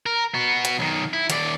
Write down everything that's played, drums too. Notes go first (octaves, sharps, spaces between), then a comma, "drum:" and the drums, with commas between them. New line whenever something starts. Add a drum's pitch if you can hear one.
A#4
B3 F#4
drum: hi-hat
B1 D#3
E4
D#2 D5, drum: hi-hat